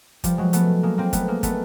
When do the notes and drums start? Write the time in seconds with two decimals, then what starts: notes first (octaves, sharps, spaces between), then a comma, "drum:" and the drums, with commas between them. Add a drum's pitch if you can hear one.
0.24 F3 G3, drum: kick, hi-hat
0.38 F#3 G#3
0.53 A3 B3, drum: hi-hat
0.83 G#3 A#3
0.98 A#3 C4
1.13 A3 B3, drum: kick, hi-hat
1.28 G#3 A#3
1.43 A3 B3, drum: kick, hi-hat